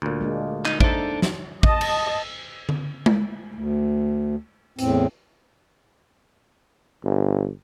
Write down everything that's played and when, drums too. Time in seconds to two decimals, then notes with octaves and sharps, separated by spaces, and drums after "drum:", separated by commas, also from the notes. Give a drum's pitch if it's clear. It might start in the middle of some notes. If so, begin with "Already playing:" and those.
0.02 D2 A#2
0.21 G#3 A#3 D4
0.65 D#4, drum: clap
0.80 D4 D#4 A4 C5 E5, drum: kick
1.22 drum: snare
1.63 D#5 A5, drum: kick
1.81 drum: cymbal
2.69 drum: tom D3
3.06 drum: tom G#3
3.54 D2
4.79 E2 A2 C4, drum: hi-hat
7.04 G1